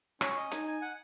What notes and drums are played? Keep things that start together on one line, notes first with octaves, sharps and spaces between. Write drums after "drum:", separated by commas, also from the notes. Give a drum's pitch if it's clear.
C#4 C#5, drum: rim click
D#5
D#4 G#5, drum: hi-hat
G#5
F#5